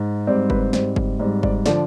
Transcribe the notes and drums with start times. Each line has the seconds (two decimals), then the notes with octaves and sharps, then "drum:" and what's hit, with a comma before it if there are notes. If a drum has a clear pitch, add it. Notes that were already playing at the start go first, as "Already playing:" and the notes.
Already playing: G#2
0.27 G#2 G3 C4 D5
0.50 B4, drum: kick F#1
0.73 G#2 G3 C4 C5, drum: snare
0.96 drum: kick F#1
1.20 G#2 G3 C4
1.43 D5, drum: kick F#1
1.66 D3 F3 D5, drum: snare